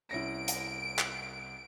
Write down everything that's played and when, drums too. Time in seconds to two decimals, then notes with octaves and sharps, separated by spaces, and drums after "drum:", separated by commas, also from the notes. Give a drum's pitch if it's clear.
0.11 C2 C#4 E4 A#6 D7
0.48 drum: hi-hat
0.99 drum: clap